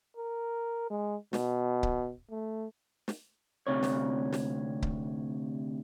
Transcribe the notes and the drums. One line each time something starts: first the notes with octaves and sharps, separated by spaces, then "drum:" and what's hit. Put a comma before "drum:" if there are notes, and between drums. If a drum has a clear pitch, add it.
A#4
G#3
B2, drum: snare
drum: kick C#1
A3
drum: snare
D2 C3 C#5
drum: snare
drum: snare
drum: kick C#1